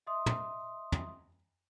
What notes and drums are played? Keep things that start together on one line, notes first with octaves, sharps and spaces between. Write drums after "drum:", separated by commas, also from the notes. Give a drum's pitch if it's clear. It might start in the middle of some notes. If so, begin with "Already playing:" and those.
D#5 E5 C6 D#6
drum: tom
drum: tom